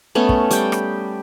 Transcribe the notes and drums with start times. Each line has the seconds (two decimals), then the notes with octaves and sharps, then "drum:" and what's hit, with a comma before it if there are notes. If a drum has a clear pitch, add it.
0.15 A3 B3 C#4
0.29 drum: kick
0.51 G3 G5, drum: hi-hat
0.72 drum: rim click